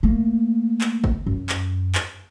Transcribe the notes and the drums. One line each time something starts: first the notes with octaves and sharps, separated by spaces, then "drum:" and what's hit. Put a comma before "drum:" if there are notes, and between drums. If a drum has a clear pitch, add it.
A3 A#3
drum: clap
drum: kick G1
F#2
drum: clap
drum: clap